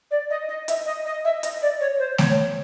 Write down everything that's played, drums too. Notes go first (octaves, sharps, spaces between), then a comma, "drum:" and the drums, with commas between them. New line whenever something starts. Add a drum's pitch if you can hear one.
D5
D#5
D#5
E5, drum: hi-hat
D#5
D#5
E5
D#5, drum: hi-hat
D5
C#5
C5
C#5, drum: snare A3